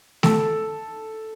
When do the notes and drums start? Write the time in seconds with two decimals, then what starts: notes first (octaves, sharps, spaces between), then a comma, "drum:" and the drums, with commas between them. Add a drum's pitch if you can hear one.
0.23 A4, drum: snare A3